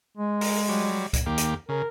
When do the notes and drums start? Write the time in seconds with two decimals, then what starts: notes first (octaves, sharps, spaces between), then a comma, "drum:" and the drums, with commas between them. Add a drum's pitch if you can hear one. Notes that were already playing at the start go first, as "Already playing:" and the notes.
0.17 G#3
0.41 A#4, drum: open hi-hat
0.69 F#3 G3
1.13 drum: kick C#2, hi-hat
1.26 D#2 A#3 G4
1.38 drum: hi-hat
1.69 C#3 A#4